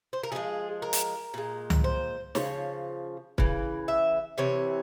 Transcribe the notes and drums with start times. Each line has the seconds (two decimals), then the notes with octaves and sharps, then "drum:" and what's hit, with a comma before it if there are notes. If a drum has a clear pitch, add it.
0.13 C5
0.23 A#4
0.32 C#3 F3 G#3 G#4
0.82 A#4
0.93 drum: hi-hat
1.34 A#2 G#3
1.70 drum: tom C#2
1.84 C5
2.35 C#3 F3 C#5, drum: snare
3.38 C#3 E3, drum: kick
3.88 E5
4.38 C3 E3 C#5